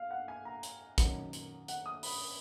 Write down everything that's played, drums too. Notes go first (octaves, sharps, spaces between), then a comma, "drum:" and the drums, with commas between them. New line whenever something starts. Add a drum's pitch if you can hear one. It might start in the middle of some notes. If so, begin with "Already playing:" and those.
Already playing: F5
F#5
G#5
A#5
drum: hi-hat
F#2 D#3 F#3, drum: kick, hi-hat
drum: hi-hat
F#5, drum: hi-hat
D#6
B5, drum: open hi-hat